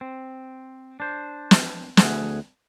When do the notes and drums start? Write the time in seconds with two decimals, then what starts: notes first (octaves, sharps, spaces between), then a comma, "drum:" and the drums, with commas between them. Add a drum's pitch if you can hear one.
0.01 C4
1.00 D4 C5
1.51 drum: snare
1.97 D2 A3 G#4 F#5, drum: snare